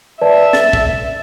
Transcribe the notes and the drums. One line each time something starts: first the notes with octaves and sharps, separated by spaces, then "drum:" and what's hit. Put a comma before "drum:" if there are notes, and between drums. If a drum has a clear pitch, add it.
B4 D5 E5 A5
A6, drum: snare
drum: kick